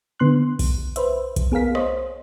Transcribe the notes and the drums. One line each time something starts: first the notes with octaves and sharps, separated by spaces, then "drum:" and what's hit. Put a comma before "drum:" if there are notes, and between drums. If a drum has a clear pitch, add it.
D3 B3 C6 F#6
drum: kick B1, open hi-hat
B4 C5 E5, drum: hi-hat
drum: kick B1, hi-hat
B3 G#4 A#4 F5 B6
C5 C#5 D#5, drum: rim click